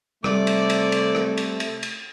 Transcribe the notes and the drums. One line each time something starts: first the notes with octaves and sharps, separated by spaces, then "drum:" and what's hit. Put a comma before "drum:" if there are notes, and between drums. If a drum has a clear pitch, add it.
C3 G3 A3 D5, drum: rim click
drum: cymbal
drum: cymbal
drum: cymbal
drum: rim click
drum: cymbal
drum: cymbal
drum: cymbal